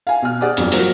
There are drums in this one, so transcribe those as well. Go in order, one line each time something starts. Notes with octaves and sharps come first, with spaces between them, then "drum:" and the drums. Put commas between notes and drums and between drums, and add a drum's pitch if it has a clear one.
F5 G#5
B2 F6
G4 G#4 D5 F#5
G1 F2 F#3, drum: hi-hat
F3 F#3 A#3 A#4, drum: open hi-hat